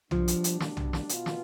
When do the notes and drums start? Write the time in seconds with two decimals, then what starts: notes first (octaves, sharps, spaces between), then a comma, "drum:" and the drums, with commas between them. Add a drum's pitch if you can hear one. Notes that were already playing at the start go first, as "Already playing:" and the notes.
0.11 B2 F3 G3 D4, drum: tom B1
0.28 drum: hi-hat
0.44 drum: hi-hat
0.60 drum: snare
0.77 drum: tom B1
0.93 drum: snare
1.09 B2 B3 F4, drum: hi-hat
1.26 drum: snare